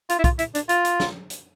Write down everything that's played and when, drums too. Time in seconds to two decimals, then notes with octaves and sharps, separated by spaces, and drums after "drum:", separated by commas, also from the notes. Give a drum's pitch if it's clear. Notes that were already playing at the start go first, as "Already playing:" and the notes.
0.09 F4, drum: hi-hat
0.19 E4
0.24 F4, drum: kick B1, hi-hat
0.39 E4, drum: hi-hat
0.55 D4, drum: hi-hat
0.69 F4, drum: hi-hat
0.85 drum: hi-hat
1.00 drum: snare
1.30 drum: hi-hat